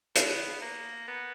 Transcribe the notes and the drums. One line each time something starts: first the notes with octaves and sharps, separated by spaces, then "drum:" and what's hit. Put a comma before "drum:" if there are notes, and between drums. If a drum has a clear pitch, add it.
B3, drum: hi-hat
A#3
B3